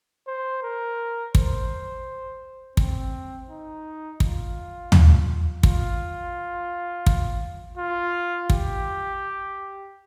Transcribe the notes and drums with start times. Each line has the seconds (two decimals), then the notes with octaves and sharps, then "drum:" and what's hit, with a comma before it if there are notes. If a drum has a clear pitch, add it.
0.27 C5
0.63 A#4
1.35 C5, drum: kick
2.77 C4, drum: kick
3.49 D#4
4.20 F4, drum: kick
4.92 drum: tom
5.63 F4, drum: kick
7.06 drum: kick
7.78 F4
8.50 G4, drum: kick